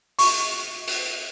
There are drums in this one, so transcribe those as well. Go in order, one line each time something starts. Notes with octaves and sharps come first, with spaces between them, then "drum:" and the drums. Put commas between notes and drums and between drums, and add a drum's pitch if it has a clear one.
C#6, drum: open hi-hat
drum: open hi-hat